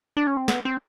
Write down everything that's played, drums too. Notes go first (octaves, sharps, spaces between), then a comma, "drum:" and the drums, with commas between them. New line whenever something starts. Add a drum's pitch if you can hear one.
D4
C#4
C4
B3, drum: snare
C4